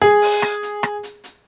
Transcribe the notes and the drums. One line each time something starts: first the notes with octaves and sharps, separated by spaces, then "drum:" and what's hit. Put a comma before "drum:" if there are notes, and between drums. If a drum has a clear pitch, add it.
G#4
drum: open hi-hat
drum: rim click
drum: hi-hat
drum: rim click
drum: hi-hat
drum: hi-hat